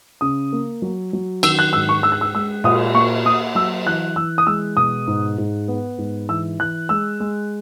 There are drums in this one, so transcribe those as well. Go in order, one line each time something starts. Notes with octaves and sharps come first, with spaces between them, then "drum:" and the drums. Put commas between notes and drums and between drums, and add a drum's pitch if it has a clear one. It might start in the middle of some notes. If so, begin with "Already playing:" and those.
C#3 D#6
A#3
F#3
F#3
D#3 E6, drum: cymbal
F#6
G#2 E6
C#6
G#3 E6
F#6
E6
G#3 E6
A#2 D#6, drum: cymbal
A#3 C#6
A#3 D#6
F#3 E6
E3 F#6
E3 E6
D#6
G#3 E6
B2 D#6
G#2
G#2
B3
G#2
E3 E6
E3 F#6
G#3 E6
G#3